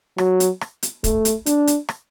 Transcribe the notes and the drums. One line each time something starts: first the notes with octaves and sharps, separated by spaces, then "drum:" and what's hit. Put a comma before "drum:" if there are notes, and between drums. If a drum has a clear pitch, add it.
F#3, drum: rim click
drum: hi-hat
drum: rim click
drum: hi-hat
A3, drum: kick, hi-hat
drum: hi-hat
D4, drum: hi-hat
drum: hi-hat
drum: rim click